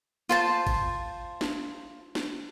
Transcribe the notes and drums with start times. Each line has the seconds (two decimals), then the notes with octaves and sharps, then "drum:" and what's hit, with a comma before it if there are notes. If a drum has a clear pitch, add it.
0.29 F4 C5 A5
0.67 drum: kick G#1, cymbal
1.41 drum: snare
2.15 drum: snare